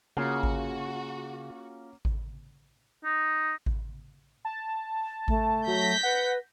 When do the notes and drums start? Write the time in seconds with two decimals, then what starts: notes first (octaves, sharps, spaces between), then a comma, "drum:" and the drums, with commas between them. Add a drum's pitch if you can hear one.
0.17 C#3 A#3 C#4 F4 F#4 G#4 F5
0.43 drum: kick G#1
2.05 drum: kick G#1
3.04 D#4
3.66 drum: kick G#1
4.45 A5
5.28 A3, drum: kick G#1
5.67 F#3 G6 A#6 B6
6.03 B4 F#5